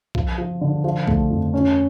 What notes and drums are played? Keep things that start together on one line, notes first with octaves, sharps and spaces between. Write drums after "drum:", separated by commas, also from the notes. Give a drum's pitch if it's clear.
F3, drum: kick B1
F3
D3
F3
A3, drum: kick B1
F2
C#4